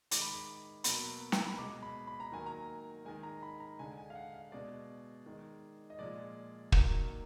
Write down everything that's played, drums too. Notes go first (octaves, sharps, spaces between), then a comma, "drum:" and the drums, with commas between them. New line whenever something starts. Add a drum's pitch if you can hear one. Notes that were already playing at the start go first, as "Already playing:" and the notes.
D#3 G#3 D6, drum: hi-hat
B5
D6
B2 F#3 A#3 B5, drum: hi-hat
A#5, drum: snare
B5
B2 G#3 D6
B5
B5
A#5
D#3 F#3 A#3 G#5
A#5
D#3 G#3 G#5
A#5
B5
A#5
D3 G#3 G#5
G#5
F5
F#5
F5
B2 G#3 D5
D#3 G#3
D#5
A#2 F3 G#3 D5
D#3 F#3 A#3, drum: kick